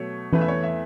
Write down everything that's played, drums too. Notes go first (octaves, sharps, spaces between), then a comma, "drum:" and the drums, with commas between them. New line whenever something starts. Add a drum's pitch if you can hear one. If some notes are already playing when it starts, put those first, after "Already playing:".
Already playing: B2 F#3 A3 C#5
E2 E3 A3 B4, drum: tom E3
E5
C#5
E5